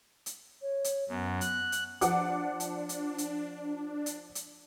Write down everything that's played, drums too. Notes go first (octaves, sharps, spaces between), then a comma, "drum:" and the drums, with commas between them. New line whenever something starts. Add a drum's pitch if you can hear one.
drum: hi-hat
C#5
drum: hi-hat
F#2 B3
F#6, drum: hi-hat
drum: hi-hat
F3 D4 F#5 D6, drum: hi-hat
drum: hi-hat
drum: hi-hat
drum: hi-hat
drum: hi-hat
drum: hi-hat